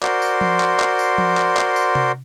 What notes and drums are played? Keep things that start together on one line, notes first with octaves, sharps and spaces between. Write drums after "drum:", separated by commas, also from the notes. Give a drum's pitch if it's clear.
F#4 A#4 C5 D5 C6, drum: clap
drum: tambourine
drum: tom F3
drum: clap
drum: clap
drum: tambourine
drum: tom F3
drum: clap
drum: clap
drum: tambourine
drum: tom C3